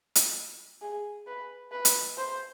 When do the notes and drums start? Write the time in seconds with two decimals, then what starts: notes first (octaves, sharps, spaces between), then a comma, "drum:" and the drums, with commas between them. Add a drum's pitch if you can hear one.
0.15 drum: hi-hat
0.82 G#4
1.27 B4
1.72 B4
1.85 drum: hi-hat
2.18 C5